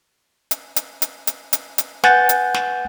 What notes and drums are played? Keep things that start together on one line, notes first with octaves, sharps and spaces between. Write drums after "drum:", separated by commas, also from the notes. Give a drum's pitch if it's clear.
drum: hi-hat
drum: hi-hat
drum: hi-hat
drum: hi-hat
drum: hi-hat
drum: hi-hat
B4 F#5 G#5 F#6 G6 A6, drum: snare
drum: hi-hat
drum: snare